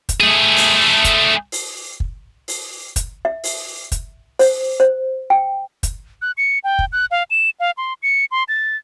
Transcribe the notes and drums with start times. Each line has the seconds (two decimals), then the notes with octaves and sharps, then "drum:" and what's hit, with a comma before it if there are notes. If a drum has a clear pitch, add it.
0.09 drum: kick, hi-hat
0.20 A3 G#4
0.57 drum: open hi-hat
1.04 drum: kick, hi-hat
1.52 drum: open hi-hat
2.00 drum: kick
2.48 drum: open hi-hat
2.96 drum: kick, hi-hat
3.25 E5
3.44 drum: open hi-hat
3.92 drum: kick, hi-hat
4.39 C5, drum: open hi-hat
4.80 C5
5.30 G5
5.83 drum: kick, hi-hat
6.22 F#6
6.38 C#7
6.64 G5
6.79 drum: kick
6.92 F#6
7.11 F5
7.31 E7
7.60 F5
7.77 C6
8.03 C#7
8.31 C6
8.48 A6